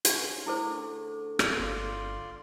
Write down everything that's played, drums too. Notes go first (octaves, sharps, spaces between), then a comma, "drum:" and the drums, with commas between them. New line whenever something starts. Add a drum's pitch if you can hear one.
C#4, drum: hi-hat
D3 A3 E4 G#4 C5
drum: rim click
G1 F4 D5 C6